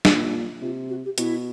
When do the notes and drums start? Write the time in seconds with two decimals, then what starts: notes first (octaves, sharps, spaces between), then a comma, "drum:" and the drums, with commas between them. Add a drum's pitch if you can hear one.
0.05 A#2, drum: snare
0.62 C3 F4
0.89 F#4
1.05 G4
1.18 B2 E4, drum: hi-hat